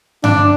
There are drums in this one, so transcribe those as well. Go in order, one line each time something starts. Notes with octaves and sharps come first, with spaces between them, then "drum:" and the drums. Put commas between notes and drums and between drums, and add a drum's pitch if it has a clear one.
D4, drum: tom G2